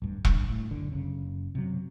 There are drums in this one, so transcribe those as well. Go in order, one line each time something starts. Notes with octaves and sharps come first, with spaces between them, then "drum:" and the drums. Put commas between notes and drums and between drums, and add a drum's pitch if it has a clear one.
D1 G2
G2, drum: kick E1
A2
F#1 D3
F#1 C#3
C3 F#3